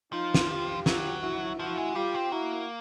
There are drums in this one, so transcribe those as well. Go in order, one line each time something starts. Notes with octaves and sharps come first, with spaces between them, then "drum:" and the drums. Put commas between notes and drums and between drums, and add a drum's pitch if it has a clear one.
F3 D#4 F4
drum: snare
F4 G4
F#3, drum: snare
E4 F#4
F3 E4 F#4
G#3
G3 F4 G4
C4
A#3 E4 F#4